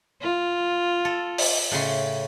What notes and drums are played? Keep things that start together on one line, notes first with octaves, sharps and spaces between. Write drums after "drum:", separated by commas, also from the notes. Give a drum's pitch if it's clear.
F4
A4
drum: open hi-hat
A2 C#3 C6